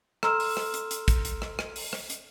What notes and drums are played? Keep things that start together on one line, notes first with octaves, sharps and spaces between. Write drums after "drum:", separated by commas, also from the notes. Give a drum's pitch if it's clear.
A4 A#5 C6 E6 F6 E7, drum: rim click
drum: open hi-hat
drum: rim click
drum: hi-hat
drum: hi-hat
drum: kick, hi-hat
drum: hi-hat
drum: rim click
drum: rim click
drum: open hi-hat
drum: rim click
drum: hi-hat